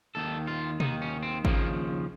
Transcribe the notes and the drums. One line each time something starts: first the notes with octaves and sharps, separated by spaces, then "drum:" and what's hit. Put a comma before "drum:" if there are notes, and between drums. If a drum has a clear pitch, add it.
D#2 D#3 A4
F4
D#2 D#3 D#4, drum: tom B2
C#4
C4
D#2 C#3 F3 A#3, drum: kick G#1